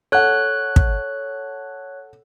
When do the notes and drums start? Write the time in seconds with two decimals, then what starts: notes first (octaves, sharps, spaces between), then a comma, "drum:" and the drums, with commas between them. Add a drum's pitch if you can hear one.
0.12 A4 C#5 F#5 F#6
0.76 drum: kick